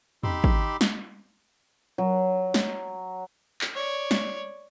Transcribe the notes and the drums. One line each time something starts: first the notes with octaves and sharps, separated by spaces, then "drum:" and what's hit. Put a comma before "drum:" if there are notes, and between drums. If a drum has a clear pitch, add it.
D#4 G4 B5 C6 D6 E6, drum: tom E2
drum: kick
drum: snare
F#3
drum: snare
drum: clap
C#5 D5
drum: snare